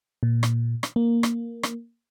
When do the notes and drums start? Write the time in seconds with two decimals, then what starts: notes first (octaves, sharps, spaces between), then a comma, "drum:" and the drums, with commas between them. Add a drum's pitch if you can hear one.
0.23 A#2
0.43 drum: rim click
0.83 drum: rim click
0.96 A#3
1.23 drum: rim click
1.63 drum: rim click